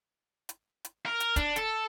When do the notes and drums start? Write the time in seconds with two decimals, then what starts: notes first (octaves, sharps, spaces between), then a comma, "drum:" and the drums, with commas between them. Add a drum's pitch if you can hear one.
0.49 drum: hi-hat
0.85 drum: hi-hat
1.06 A#4
1.20 drum: hi-hat
1.36 D4, drum: kick, hi-hat
1.56 A4, drum: hi-hat